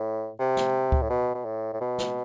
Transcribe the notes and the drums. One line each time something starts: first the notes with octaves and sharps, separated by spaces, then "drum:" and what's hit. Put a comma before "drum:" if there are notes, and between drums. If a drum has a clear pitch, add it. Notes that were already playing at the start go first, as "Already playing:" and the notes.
Already playing: A2
C3
drum: snare
drum: kick C#2
A2
B2
B2
A2
A2
B2
drum: snare